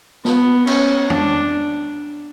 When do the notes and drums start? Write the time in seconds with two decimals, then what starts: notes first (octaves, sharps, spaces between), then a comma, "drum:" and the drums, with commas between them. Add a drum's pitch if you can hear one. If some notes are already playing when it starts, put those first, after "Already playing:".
0.25 B3, drum: snare
0.67 C#4, drum: cymbal
1.10 D4, drum: tom